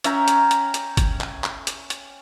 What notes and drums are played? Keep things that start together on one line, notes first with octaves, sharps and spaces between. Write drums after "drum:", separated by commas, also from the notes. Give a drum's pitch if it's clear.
C#4 E5 G5 A#5, drum: hi-hat
drum: hi-hat
drum: hi-hat
drum: hi-hat
drum: kick G1, hi-hat
drum: clap
drum: clap
drum: hi-hat
drum: hi-hat